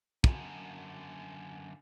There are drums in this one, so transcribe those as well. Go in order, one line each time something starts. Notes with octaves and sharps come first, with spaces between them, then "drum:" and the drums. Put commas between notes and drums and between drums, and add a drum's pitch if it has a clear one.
F#2 D3, drum: kick